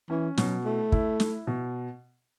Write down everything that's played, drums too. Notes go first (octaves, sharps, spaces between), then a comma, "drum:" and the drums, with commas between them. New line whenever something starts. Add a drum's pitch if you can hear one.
E3 C#4
B2 F#3, drum: snare
A3 E4
E4, drum: kick
E4, drum: snare
B2